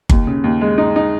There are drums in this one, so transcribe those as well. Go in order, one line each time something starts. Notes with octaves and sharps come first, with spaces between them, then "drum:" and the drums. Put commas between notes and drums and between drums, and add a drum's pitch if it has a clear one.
D#2, drum: kick G1
C#3
D#2
G#3
D#4
D#4